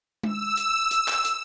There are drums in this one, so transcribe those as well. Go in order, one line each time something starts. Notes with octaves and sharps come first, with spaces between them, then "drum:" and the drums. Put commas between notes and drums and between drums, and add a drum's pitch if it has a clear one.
E6, drum: tom G#3
drum: hi-hat
drum: hi-hat
drum: clap
drum: hi-hat